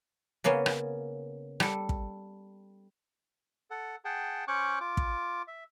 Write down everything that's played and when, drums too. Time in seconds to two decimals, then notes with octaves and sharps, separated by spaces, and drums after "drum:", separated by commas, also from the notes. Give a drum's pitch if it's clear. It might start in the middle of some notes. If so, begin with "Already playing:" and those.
0.44 C#3 A#3 B3 C#4
0.66 drum: rim click
1.60 G3 A4, drum: rim click
1.89 drum: kick
3.71 A4 F#5
4.05 G#4 F#5 G5 A5
4.48 C#4 C5 C#5 C#6 D6 F#6
4.80 F4 D6
4.97 drum: kick
5.48 E5